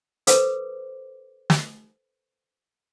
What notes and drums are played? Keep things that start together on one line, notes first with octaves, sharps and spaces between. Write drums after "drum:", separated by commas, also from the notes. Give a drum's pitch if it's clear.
A4 B4 C5 D6, drum: hi-hat
drum: snare